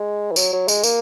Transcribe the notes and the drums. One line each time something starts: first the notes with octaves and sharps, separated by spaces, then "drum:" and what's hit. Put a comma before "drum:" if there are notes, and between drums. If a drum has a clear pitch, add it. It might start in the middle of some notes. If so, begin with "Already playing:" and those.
Already playing: G#3
E3
F#3, drum: tambourine
F#3
G#3, drum: tambourine
A#3, drum: tambourine